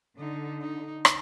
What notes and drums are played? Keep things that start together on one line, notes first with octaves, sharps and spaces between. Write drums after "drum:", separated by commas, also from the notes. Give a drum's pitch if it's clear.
D3 D#4
D#4
drum: rim click